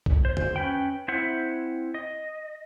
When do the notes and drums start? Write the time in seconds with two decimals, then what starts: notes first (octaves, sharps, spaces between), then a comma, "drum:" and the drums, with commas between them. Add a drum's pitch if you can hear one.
0.06 drum: kick B1
0.25 C5
0.37 drum: tom
0.56 C#4 B4 G5
1.08 C4 E4 C5 E5 F#5
1.94 D#5